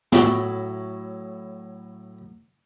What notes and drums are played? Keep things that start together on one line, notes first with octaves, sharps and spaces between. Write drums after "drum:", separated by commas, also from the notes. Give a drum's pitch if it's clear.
A2 F#3 C#5 B5, drum: snare